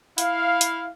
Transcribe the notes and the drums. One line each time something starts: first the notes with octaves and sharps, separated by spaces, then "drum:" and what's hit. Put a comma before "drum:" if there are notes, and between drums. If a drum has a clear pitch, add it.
E4 F5, drum: hi-hat
drum: hi-hat